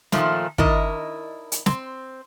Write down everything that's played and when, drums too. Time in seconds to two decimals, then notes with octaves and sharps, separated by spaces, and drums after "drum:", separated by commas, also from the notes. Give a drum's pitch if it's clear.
0.12 A#2 D#3 F3 A3, drum: snare
0.58 D#3 D4 E4 A#4 D#5, drum: kick
1.52 drum: hi-hat
1.66 C4, drum: snare